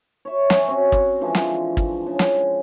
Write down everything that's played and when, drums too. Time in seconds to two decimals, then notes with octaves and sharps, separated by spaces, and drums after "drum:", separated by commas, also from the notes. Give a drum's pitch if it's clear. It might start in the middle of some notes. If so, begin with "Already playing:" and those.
0.25 C#5 E5
0.50 C#5 G#5, drum: snare
0.68 C4 C#4 F#4
0.92 drum: kick
1.21 D3 E3 F3 G#3
1.35 drum: snare
1.77 drum: kick
2.06 C#3
2.19 drum: snare